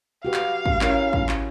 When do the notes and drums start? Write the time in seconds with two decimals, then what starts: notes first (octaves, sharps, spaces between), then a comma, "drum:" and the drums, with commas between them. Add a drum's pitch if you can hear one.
0.25 F#4 G4 B4 F5
0.34 drum: clap
0.65 drum: kick
0.81 C#4 E4 A#4, drum: clap
1.13 drum: kick
1.29 drum: clap